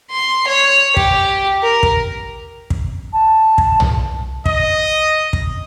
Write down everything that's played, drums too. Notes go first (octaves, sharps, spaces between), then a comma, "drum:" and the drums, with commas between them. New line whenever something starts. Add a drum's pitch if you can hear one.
C6
C#5
G4, drum: kick
A#4
drum: kick
drum: kick
A5
drum: kick
drum: tom
D#5, drum: kick
drum: kick